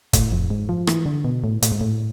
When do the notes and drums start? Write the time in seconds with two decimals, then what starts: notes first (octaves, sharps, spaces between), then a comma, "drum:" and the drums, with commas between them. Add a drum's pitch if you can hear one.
0.13 A2, drum: kick, hi-hat
0.32 F2
0.50 G#2
0.69 F3
0.87 E3, drum: rim click
1.06 D3
1.25 B2
1.44 A2
1.62 A2, drum: hi-hat
1.72 G#2
1.81 A2